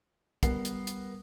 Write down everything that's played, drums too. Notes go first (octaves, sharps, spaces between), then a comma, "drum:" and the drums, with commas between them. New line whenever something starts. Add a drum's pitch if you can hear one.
G3 B3 A#4 F#5 C7, drum: kick, hi-hat
drum: hi-hat
drum: hi-hat